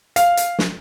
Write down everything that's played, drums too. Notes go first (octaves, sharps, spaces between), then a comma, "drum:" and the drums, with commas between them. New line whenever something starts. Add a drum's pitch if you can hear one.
F5, drum: hi-hat
drum: hi-hat
drum: snare